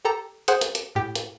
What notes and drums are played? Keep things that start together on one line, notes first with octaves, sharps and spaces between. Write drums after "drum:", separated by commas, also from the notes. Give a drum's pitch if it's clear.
G4 A4 A#5
G#4 C5 F#5, drum: hi-hat
drum: hi-hat
drum: hi-hat
A2 G4
drum: hi-hat